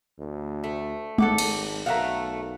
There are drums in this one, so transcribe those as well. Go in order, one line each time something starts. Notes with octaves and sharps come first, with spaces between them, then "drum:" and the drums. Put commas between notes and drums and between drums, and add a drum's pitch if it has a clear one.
D2
A3
G#1 A4 F#5 D6, drum: tom
drum: cymbal
B1 A3 A#4 F5 F#5